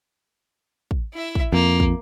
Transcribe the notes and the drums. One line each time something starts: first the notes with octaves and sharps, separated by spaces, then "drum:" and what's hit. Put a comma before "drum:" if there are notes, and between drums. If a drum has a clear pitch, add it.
drum: kick
E4 E5
drum: kick
F2 A#3
drum: kick